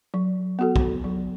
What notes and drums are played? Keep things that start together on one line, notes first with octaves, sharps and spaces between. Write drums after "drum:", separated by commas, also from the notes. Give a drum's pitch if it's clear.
F#3
B3 F#4 A4
drum: kick
F#3